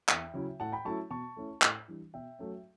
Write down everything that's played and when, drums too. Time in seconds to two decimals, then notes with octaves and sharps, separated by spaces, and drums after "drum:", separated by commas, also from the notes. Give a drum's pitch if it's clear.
0.09 E2 E5 G5, drum: clap
0.34 C#3 F#3 C#4 E4
0.60 A2 F#5 A5
0.72 G5 B5
0.85 F#3 A3 C#4 E4 A5 C#6
1.11 B2 A5 C#6
1.37 A3 C#4 E4
1.62 A2, drum: clap
1.88 E3 G3 D4
2.14 B2 E5 G5
2.39 F#3 A3 C#4